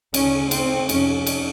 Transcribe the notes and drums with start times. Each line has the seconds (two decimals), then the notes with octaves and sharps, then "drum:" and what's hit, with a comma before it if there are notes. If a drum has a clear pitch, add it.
0.14 D2 C#3 C#4, drum: cymbal
0.51 C4, drum: cymbal
0.89 F2 C3 C#4, drum: cymbal
1.27 drum: cymbal